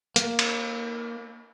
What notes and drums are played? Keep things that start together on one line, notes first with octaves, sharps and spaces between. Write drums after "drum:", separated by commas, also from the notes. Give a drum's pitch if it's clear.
A#3, drum: hi-hat
drum: cymbal